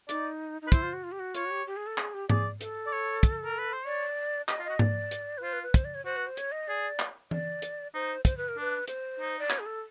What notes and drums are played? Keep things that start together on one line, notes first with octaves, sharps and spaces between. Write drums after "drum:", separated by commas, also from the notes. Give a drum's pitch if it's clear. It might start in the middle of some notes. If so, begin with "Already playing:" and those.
D#4 D5, drum: hi-hat
D#4
B4
E4 C5, drum: kick, hi-hat
F4
F#4
F4
G4
F#4
F4 C#5, drum: hi-hat
F#4
G4
G4
G#4
A4
G#4, drum: clap
G4
G#4 D5, drum: tom G#2
A4, drum: hi-hat
D5
C#5
drum: kick, hi-hat
A#4
B4
C5
C#5 D5
G4 D#5, drum: clap
F4
F#4 D#5
D5, drum: tom G#2
drum: hi-hat
B4
F4 C5
B4
B4
C5, drum: kick, hi-hat
D5
C#5
F#4 C5
B4
C5
C#5, drum: hi-hat
D#5
G#4 D5
drum: clap
D5, drum: tom E3
drum: hi-hat
D#4 C5
C5, drum: kick, hi-hat
B4
A#4
D4 B4
C5, drum: hi-hat
D#4
D5
C#5, drum: clap
G#4
A4